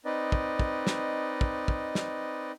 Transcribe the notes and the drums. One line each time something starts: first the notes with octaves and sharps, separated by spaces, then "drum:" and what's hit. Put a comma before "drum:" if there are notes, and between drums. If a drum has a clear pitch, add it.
C4 D#4 B4 D5 D#5
drum: kick
drum: kick
drum: snare
drum: kick
drum: kick
drum: snare